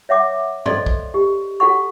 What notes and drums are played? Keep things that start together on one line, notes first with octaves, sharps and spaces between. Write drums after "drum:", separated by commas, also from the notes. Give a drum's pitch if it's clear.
C#5 E5 F#5 D6
A4 C5 D5 D#5 C6, drum: tom G2
drum: kick B1
G4
F#4 A4 F#5 C#6